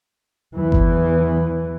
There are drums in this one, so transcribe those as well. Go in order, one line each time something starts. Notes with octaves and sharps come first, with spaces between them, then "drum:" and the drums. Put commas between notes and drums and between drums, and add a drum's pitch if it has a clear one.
E2 E3
drum: kick G1